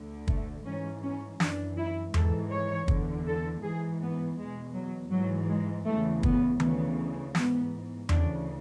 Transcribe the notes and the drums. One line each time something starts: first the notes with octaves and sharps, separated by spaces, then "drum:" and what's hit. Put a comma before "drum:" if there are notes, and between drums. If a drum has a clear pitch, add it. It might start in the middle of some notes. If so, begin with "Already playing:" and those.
Already playing: D2 D3
A3, drum: kick
G#2 E3 C#4
C#4
F#2 E3 D4, drum: snare
E4
G#2 E3 A4, drum: tom E2
C#5
E2 D3, drum: kick
A4
G#2 E3 G#4
B3
E2 B2 G#3
F#3
G#2 E3 F#3
G#3
E2 C#3 E3 A3
B3, drum: kick
D2 C#3 E3 B3, drum: tom D#3
G#2 E3 B3, drum: snare
D2 C#3 E3 D4, drum: tom E2